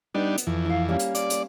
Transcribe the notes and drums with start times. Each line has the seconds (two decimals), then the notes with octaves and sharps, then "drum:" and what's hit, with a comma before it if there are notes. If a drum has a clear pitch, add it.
0.14 G3 B3 D4 D#4
0.38 drum: hi-hat
0.47 F2 E3
0.65 E4 F5
0.89 G3 A#3 C#4
0.99 drum: hi-hat
1.15 D5, drum: hi-hat
1.30 drum: hi-hat